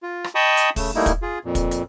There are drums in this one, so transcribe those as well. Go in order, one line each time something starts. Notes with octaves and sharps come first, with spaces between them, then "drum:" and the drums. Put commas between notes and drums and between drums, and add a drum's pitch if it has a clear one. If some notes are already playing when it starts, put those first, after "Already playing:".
F4
drum: rim click
D#5 G5 A5 B5 C#6 D#6
drum: hi-hat
C#3 A3, drum: kick, open hi-hat
G3 A3 A#3 D#4 E4
drum: kick, hi-hat
F4 G#4
F2 A#2
drum: kick, hi-hat
drum: hi-hat